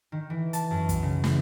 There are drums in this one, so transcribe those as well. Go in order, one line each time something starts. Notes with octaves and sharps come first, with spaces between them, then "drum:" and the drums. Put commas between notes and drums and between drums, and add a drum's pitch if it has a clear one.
D#3
E3
A5, drum: hi-hat
F#2
drum: kick, hi-hat
C#3
E3, drum: snare